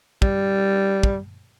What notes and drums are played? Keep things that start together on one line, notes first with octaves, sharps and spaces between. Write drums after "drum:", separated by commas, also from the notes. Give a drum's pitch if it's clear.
G3, drum: kick
drum: kick